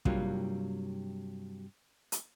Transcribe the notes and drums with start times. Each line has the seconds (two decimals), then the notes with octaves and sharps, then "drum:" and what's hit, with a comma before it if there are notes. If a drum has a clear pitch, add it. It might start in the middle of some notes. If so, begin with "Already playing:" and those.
0.05 G2 C3 F#3 G3 A#3 F4, drum: kick
2.12 drum: hi-hat